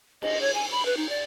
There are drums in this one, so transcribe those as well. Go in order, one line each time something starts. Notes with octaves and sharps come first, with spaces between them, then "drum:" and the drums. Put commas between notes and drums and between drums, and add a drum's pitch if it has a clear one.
D#5, drum: cymbal
C#5
G#5
B5
B4
D#4
D5